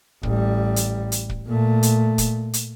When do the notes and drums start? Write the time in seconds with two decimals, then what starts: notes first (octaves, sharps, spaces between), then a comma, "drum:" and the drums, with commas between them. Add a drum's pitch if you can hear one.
0.23 A1 G3, drum: kick
0.76 drum: hi-hat
1.12 drum: hi-hat
1.29 drum: kick
1.48 A#2 A3
1.83 drum: hi-hat
2.18 drum: kick, hi-hat
2.54 drum: hi-hat